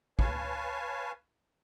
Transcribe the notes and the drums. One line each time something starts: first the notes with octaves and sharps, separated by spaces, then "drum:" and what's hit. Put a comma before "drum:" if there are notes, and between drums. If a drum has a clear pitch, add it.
B4 C#5 F5 G#5 A5, drum: kick